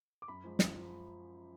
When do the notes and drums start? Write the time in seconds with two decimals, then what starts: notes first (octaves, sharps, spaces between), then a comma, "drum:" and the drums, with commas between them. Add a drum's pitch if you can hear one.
0.22 D6
0.28 F#2 B5
0.44 F3 G#3
0.59 F#2, drum: snare
0.74 F3